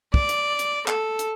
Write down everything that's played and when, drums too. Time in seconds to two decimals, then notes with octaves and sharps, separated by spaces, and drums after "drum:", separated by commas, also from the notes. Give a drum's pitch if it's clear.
0.14 D5, drum: kick
0.29 drum: hi-hat
0.59 drum: hi-hat
0.88 A4, drum: clap
1.19 drum: hi-hat